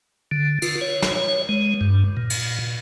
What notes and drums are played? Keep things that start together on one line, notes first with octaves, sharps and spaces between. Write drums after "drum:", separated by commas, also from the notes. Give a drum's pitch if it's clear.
D3
F4, drum: cymbal
C#5
drum: snare
C#5
G#3
G2
A#2
drum: cymbal